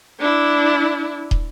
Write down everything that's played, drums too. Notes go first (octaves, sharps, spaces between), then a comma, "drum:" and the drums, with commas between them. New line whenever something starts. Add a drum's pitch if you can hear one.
D4 E4
drum: kick